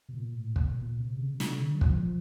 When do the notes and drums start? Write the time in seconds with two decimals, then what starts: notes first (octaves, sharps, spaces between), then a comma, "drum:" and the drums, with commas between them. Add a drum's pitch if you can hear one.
0.09 B2
0.15 A#2
0.34 A2
0.56 drum: kick
0.69 B2
0.77 A#2
0.98 C3
1.19 C#3
1.35 B2
1.40 C3, drum: snare
1.60 D3
1.75 F#3
1.81 F3, drum: kick
2.03 F3